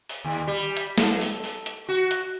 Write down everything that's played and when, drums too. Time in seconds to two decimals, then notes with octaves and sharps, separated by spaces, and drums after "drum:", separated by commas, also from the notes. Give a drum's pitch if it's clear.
0.09 drum: open hi-hat
0.24 D#2
0.47 G3
0.77 drum: hi-hat
0.98 A4, drum: snare
1.21 drum: open hi-hat
1.44 drum: open hi-hat
1.66 drum: hi-hat
1.88 F#4
2.11 drum: hi-hat